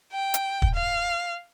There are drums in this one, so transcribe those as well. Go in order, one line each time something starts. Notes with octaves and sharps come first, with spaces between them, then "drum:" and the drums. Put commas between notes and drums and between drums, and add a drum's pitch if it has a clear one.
G5
drum: hi-hat
drum: kick
F5